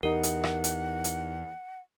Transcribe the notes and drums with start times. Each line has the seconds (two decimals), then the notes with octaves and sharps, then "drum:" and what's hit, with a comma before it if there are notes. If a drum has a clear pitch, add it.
0.03 E2 D#4 G4 A#4 F#5
0.23 drum: hi-hat
0.44 drum: rim click
0.64 drum: hi-hat
1.04 drum: hi-hat